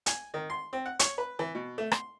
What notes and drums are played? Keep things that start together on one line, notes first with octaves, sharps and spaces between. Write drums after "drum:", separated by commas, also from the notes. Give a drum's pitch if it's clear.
G#5, drum: hi-hat
D#3
C6
C4
F#5
C#5, drum: hi-hat
B4
E3
B2
A3
C6, drum: rim click